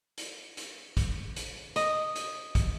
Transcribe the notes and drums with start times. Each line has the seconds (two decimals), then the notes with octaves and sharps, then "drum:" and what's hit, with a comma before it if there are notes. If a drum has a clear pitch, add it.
0.18 drum: hi-hat
0.57 drum: hi-hat
0.97 drum: kick, hi-hat
1.36 drum: hi-hat
1.76 D#5, drum: hi-hat
2.16 drum: hi-hat
2.55 drum: kick, hi-hat